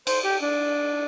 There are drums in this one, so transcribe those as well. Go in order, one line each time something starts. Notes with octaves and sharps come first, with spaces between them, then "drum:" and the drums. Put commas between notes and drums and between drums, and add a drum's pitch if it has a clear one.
C5, drum: cymbal
G4
D4